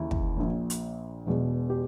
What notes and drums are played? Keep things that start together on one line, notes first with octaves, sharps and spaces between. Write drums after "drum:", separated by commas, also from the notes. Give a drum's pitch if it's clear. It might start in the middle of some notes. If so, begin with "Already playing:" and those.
Already playing: D#2 C#3 E3 E4
drum: kick
A#1 A#2
drum: hi-hat
E1 E2 B2
G4